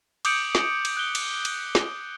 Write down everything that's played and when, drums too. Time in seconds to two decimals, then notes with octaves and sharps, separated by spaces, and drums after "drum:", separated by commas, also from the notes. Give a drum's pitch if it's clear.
0.25 D6 D#6 G6 C#7 D7 F#7, drum: cymbal
0.55 drum: snare
0.85 drum: cymbal
0.97 F#6 G7
1.15 drum: cymbal
1.45 drum: cymbal
1.75 drum: snare